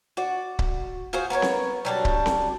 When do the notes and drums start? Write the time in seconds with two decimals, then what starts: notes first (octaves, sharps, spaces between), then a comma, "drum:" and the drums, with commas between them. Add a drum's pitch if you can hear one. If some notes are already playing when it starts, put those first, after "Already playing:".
0.17 F#4 D5
0.59 drum: kick C#1
1.13 F4 F#4 G#4 C5
1.30 B3 A#4 B4 C#5
1.42 drum: snare C4
1.85 F#3 G3 D4
2.05 drum: kick C#1
2.26 drum: snare C4